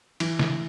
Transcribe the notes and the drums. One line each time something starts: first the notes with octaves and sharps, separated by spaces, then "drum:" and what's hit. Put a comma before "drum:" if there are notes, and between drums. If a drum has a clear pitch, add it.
E3, drum: cymbal
drum: snare